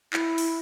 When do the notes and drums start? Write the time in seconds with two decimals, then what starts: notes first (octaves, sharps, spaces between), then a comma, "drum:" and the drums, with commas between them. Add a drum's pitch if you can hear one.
0.13 E4, drum: clap
0.38 drum: open hi-hat